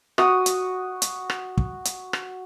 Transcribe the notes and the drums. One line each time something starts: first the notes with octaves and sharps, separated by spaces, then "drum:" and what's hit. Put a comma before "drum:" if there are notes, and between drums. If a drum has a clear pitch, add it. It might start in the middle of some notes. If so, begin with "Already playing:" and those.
F#4 D#6, drum: rim click
drum: hi-hat
drum: hi-hat
drum: rim click
drum: kick
drum: hi-hat
drum: rim click